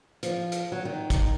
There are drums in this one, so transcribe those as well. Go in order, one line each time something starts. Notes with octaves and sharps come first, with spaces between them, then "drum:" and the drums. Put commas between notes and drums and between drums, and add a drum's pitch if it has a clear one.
F3, drum: hi-hat
drum: hi-hat
F#3
D#3
drum: kick, hi-hat